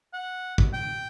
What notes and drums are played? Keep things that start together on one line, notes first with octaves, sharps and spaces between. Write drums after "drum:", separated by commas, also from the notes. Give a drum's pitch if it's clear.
F#5
drum: kick
G5